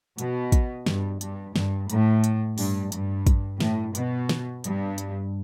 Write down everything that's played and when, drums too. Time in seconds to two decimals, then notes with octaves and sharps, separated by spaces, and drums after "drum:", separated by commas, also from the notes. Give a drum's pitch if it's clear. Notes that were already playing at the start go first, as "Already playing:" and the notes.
0.18 B2, drum: hi-hat
0.52 drum: kick, hi-hat
0.86 G2, drum: snare
1.21 G2, drum: hi-hat
1.56 G2, drum: snare
1.90 A2, drum: hi-hat
2.24 drum: hi-hat
2.58 G2, drum: open hi-hat
2.92 G2, drum: hi-hat
3.27 drum: kick, hi-hat
3.60 A2, drum: snare
3.95 B2, drum: hi-hat
4.29 drum: snare
4.64 G2, drum: hi-hat
4.98 drum: hi-hat